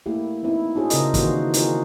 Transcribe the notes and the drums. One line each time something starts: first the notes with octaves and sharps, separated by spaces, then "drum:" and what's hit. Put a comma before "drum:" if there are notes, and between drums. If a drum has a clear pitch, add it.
A3 A#3 E4 G4
B3 C4 D#4 E4
D4 F#4 G#4 C5 C#5
C#3 C4 F4 A#4 C5 D#5, drum: hi-hat
D#3 E3 A#3 F#4 G4 C5, drum: kick, hi-hat
D#4 F4 F#4 G#4 A#4 C5, drum: hi-hat